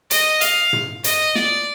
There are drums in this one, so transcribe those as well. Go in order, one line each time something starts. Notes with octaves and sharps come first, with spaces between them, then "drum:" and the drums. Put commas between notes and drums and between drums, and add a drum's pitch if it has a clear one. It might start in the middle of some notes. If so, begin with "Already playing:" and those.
D#5, drum: hi-hat
F5, drum: hi-hat
drum: tom
D#5, drum: hi-hat
D5, drum: snare